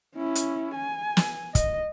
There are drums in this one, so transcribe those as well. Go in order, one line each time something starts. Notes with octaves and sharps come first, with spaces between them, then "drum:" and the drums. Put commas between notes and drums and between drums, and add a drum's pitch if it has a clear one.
C#4 E4
drum: hi-hat
G#5
drum: snare
D#5, drum: kick, hi-hat